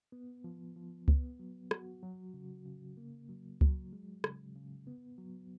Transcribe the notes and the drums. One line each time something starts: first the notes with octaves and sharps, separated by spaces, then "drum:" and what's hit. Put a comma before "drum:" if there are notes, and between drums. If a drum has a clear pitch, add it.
B3
F3
F3
B3, drum: kick C#2
F#3
F#4, drum: rim click
F#3
C#3
C#3
A#3
F#3
F#3, drum: kick C#2
G#3
C#3, drum: rim click
C#3
B3
F#3